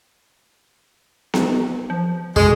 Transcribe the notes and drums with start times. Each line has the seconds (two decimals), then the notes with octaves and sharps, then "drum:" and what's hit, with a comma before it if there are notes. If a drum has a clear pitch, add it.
1.34 drum: snare B3
1.90 F3
2.36 B2 G#3 G#4, drum: kick